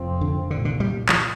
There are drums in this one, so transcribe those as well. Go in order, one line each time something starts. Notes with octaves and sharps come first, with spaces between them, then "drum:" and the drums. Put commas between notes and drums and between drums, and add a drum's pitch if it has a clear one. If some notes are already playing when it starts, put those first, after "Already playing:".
Already playing: F1 F2 F3 C4
D3
C2 A#2 D3 A#3
D3
G3
F3, drum: clap